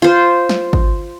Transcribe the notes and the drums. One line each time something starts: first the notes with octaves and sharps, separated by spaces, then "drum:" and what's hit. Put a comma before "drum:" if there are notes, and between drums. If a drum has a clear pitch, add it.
F4 C5
drum: snare
drum: kick